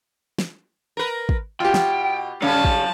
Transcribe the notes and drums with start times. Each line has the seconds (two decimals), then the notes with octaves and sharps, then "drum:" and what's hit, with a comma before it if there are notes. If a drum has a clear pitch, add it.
0.39 drum: snare
0.97 A#4 B4
1.29 drum: kick
1.60 B2 F4 G4 G5
1.74 drum: snare
2.42 C#3 F#3 G3 C#4 F5 A5
2.65 drum: kick